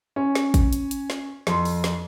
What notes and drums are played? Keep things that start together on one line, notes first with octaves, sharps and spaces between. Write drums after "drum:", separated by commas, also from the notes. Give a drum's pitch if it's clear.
C#4
drum: snare
drum: kick, hi-hat
drum: hi-hat
drum: hi-hat
drum: snare
F2 C6, drum: snare
drum: open hi-hat
drum: snare